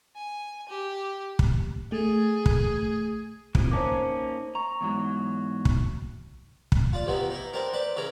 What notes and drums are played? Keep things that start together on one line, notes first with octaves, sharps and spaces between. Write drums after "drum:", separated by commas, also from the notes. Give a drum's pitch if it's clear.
G#5
G4
drum: kick
A3 G#4
drum: kick
C3 E3 F3, drum: kick
A#3 C#4 D#4 C5 A5 D6
A#5 C#6
E2 G#2 F#3
drum: kick
drum: kick
F4 D5
C3 E3 F3 B3 D#4
D#4 E4
C4 D4 D#4 A#4
B4 C5 D5
C#3 E3 G#4 A#4